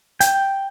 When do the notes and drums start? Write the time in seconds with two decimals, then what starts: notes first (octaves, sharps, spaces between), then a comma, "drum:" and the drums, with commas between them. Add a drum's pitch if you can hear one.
0.20 G5, drum: hi-hat